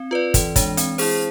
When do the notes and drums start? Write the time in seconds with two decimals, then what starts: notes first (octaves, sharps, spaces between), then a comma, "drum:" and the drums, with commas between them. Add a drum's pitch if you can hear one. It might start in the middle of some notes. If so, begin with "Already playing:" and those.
Already playing: C4
0.11 F4 B4 D5
0.34 E3, drum: kick, hi-hat
0.56 G#3 D4, drum: kick, hi-hat
0.77 C4, drum: hi-hat
0.98 E4 G#4 C5, drum: open hi-hat